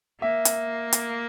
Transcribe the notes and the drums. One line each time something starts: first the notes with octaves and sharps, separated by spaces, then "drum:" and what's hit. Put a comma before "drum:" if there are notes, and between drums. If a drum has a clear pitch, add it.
A#3 E5
drum: hi-hat
drum: hi-hat